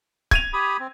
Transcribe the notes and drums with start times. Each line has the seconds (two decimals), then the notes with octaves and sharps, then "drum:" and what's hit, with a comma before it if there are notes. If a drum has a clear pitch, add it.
0.31 G#6 D#7 F7, drum: kick C#1
0.53 G4 B5 D#6
0.79 C4